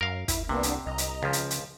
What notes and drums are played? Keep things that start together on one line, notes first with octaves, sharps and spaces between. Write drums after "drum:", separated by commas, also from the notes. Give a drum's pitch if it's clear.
F#2 A#4 F5
E4, drum: kick, hi-hat
C2 C3 A#3 B3 D4
drum: hi-hat
C2 D#5 A#5
drum: hi-hat
C#2 C#3 F3
drum: hi-hat
drum: hi-hat